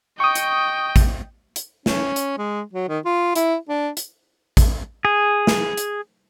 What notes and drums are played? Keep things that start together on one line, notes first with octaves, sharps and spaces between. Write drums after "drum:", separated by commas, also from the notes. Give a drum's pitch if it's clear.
D#5 G5 C#6 D#6
drum: hi-hat
drum: kick A1, hi-hat
drum: hi-hat
C#4, drum: snare
drum: hi-hat
G#3
F#3
D#3
F4
E4, drum: hi-hat
D4
drum: hi-hat
drum: kick A1, hi-hat
G#4
drum: snare
drum: hi-hat